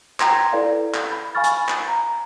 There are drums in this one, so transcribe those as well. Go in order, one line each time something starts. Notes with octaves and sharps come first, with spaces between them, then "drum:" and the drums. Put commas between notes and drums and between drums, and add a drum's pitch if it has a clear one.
G5 A#5 C6 G#6 A#6, drum: clap
E4 A4 B4 D5 F5
drum: clap
B5
F5 G#5 B5 C#6 F6 A6
drum: hi-hat
drum: clap
A#5